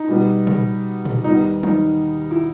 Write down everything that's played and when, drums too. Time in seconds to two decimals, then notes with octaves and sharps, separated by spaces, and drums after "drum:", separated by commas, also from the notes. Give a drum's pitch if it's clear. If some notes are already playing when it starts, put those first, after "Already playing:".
Already playing: D#4
0.08 B2 G3 B3
0.47 drum: tom
1.05 drum: tom A2
1.24 D#2 D#3 G3 B3 D#4
1.63 D#4, drum: tom E3
2.31 E4